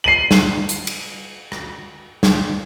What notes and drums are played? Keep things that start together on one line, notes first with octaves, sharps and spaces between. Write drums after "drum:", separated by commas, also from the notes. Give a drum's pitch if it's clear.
C7 D#7 F#7
drum: snare
drum: hi-hat
drum: cymbal
drum: rim click
drum: snare